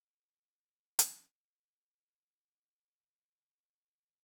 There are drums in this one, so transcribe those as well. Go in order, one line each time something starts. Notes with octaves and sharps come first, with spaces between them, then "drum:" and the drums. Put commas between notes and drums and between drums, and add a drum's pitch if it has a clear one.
A#3 F#4 A4
drum: hi-hat
D#4 F#4
D1
F#2
C#3
A#1